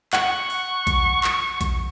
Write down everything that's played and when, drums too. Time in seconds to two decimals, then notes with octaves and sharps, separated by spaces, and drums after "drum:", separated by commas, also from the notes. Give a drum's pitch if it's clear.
0.13 F#5 C#6, drum: clap
0.50 drum: open hi-hat
0.87 drum: kick A#1, hi-hat
1.24 drum: clap
1.61 drum: kick A#1, hi-hat